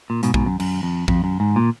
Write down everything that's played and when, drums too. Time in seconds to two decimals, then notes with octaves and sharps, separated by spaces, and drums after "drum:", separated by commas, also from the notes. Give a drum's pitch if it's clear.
0.10 A#2
0.23 G#2 B2, drum: hi-hat
0.34 G#2 B2, drum: kick A#1
0.46 F#2
0.60 F#2, drum: cymbal
0.83 F2
1.08 F2, drum: kick A#1
1.24 F#2
1.40 G#2
1.56 A#2